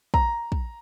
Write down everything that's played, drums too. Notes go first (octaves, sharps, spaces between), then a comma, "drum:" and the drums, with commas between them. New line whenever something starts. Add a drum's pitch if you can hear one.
A#5, drum: kick
drum: kick